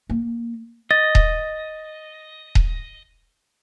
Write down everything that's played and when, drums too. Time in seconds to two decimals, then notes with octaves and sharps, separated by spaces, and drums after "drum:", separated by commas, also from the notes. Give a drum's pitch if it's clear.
0.10 A#3
0.91 D#5 A6
1.15 drum: kick D#1
2.55 drum: kick D#1